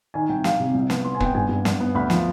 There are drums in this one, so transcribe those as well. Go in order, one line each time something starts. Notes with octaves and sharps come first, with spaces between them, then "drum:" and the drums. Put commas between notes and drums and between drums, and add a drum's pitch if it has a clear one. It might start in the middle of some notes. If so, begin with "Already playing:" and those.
D#3 G#5
C2 G5
G3 F5, drum: snare
C3
C2
B3, drum: snare
B3 C6
G#5
B3 G5, drum: kick
G2 G#5
G2
G2, drum: snare
B3
D2 B5
F3, drum: snare